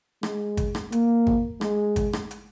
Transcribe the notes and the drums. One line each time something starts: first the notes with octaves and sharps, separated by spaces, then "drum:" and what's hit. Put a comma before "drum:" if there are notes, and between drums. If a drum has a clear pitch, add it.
G#3, drum: rim click
drum: kick G#1, hi-hat
drum: rim click
A#3, drum: hi-hat
drum: kick G#1
G#3, drum: rim click
drum: kick G#1, hi-hat
drum: rim click
drum: hi-hat